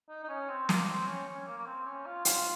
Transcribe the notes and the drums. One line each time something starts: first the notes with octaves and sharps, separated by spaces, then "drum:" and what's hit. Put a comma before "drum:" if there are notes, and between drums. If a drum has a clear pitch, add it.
D#4
D#4
C#4
C4
A#3, drum: snare
C4
C#4
C#4
A#3
A#3
C4
C#4
F4
F4, drum: hi-hat